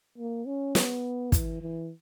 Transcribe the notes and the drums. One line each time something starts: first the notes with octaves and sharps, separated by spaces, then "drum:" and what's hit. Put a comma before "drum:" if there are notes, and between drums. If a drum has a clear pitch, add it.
A#3
C#4
B3, drum: snare
E3, drum: kick, hi-hat
E3